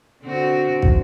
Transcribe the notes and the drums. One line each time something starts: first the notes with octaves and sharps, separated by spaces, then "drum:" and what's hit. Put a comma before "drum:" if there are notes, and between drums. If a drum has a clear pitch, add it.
D3 C4 F#4
drum: kick